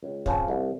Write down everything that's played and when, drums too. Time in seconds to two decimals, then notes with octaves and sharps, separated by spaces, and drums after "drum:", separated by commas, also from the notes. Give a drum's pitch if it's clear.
0.03 C#2
0.26 C#3 F3 C4, drum: kick
0.48 C2